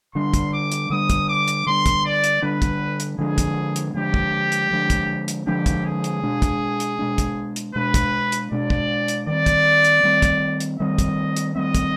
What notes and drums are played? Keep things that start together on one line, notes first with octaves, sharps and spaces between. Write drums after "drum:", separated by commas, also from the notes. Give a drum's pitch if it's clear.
D3 G3 D4 C6
drum: kick, hi-hat
D6
drum: hi-hat
D3 G3 D4 D#6
drum: kick, hi-hat
D6
drum: hi-hat
D3 G3 D4 C6
drum: kick, hi-hat
D5
drum: hi-hat
D3 G3 D4 B4
drum: kick, hi-hat
drum: hi-hat
D3 F3 G#3 D4 G#4
drum: kick, hi-hat
drum: hi-hat
D3 F3 G#3 D4 G4
drum: kick
drum: hi-hat
D3 F3 G#3 D4
drum: kick, hi-hat
drum: hi-hat
D3 F3 G#3 D4 G4
drum: kick, hi-hat
G#4
drum: hi-hat
B2 G#3 D4
drum: kick, hi-hat
drum: hi-hat
B2 G#3 D4
drum: kick, hi-hat
drum: hi-hat
B2 G#3 D4 B4
drum: kick, hi-hat
drum: hi-hat
B2 G#3 D4 D5
drum: kick
drum: hi-hat
D#3 G3 C4 D5
drum: kick, hi-hat
drum: hi-hat
D#3 G3 C4
drum: kick, hi-hat
drum: hi-hat
D#3 G3 C4 D#5
drum: kick, hi-hat
drum: hi-hat
D#3 G3 C4 D#5
drum: kick, hi-hat